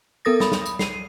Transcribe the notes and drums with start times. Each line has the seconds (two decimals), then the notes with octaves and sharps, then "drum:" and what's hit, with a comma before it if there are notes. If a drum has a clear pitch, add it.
0.25 B3 A4 A#4 D#6 A6 A#6
0.40 B5 D#6, drum: snare
0.52 drum: snare
0.66 drum: tambourine
0.79 C7 D#7, drum: snare